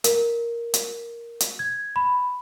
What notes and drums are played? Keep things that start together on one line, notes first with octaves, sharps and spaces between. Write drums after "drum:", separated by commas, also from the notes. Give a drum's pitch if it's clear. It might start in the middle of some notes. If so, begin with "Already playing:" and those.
A#4, drum: hi-hat
drum: hi-hat
drum: hi-hat
G#6
B5